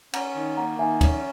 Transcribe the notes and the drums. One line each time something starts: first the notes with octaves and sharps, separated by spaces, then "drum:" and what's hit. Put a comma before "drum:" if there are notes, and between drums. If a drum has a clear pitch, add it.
C#4 F#5 A#5, drum: cymbal
D#3
A#3 F#5 A#5
D#3 E5 G#5
C#4, drum: kick, cymbal